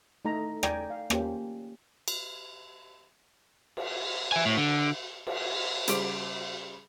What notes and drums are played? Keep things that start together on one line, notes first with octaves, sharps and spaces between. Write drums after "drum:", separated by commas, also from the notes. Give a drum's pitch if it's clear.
A3 D#4 A4 A#5
D5 G5 G#5 A#5, drum: rim click
F5
A#3 C#4 G4 C5, drum: rim click
drum: cymbal
drum: cymbal
E5 G#5
A2
D3
drum: cymbal
C#3 G3 C5 D6 D7, drum: hi-hat